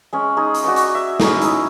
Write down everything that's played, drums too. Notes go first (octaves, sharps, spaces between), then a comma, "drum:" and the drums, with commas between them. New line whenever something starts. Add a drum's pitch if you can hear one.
G#3 C#4
D#4 G#4
drum: hi-hat
F#4 D5 C#6
drum: hi-hat
E5
C#4 D#4 E4 G#4, drum: snare
D#4 E4, drum: hi-hat